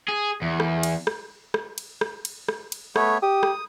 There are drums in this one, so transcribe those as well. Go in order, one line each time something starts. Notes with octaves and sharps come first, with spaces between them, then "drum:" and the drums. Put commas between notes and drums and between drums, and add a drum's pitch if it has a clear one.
G#4
E2
drum: rim click
drum: cymbal
drum: rim click
drum: rim click
drum: cymbal
drum: rim click
drum: cymbal
drum: rim click
drum: cymbal
A3 B3 C#5, drum: rim click
G4 D#6
drum: rim click